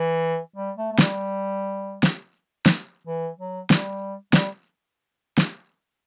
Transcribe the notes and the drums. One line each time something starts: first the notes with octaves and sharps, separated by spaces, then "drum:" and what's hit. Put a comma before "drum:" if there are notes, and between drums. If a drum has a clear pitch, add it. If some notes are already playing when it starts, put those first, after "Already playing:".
Already playing: E3
G3
A3
A3
G3, drum: snare
drum: snare
drum: snare
E3
F#3
G3, drum: snare
G3, drum: snare
drum: snare